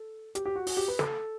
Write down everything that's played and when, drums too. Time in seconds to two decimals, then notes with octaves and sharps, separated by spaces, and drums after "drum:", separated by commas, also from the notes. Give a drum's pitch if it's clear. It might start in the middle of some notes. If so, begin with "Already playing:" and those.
Already playing: A4
0.35 G4, drum: hi-hat
0.45 G4
0.56 F#4
0.67 F#4, drum: open hi-hat
0.77 G4
0.88 B4
0.99 A4, drum: snare